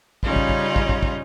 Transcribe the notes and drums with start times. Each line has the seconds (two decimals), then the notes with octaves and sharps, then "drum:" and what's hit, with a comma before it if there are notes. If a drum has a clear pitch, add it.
0.23 C#3 G3 C#4 D#4 F4, drum: kick
0.36 drum: kick
0.49 drum: kick
0.76 drum: kick
0.89 drum: kick
1.03 drum: kick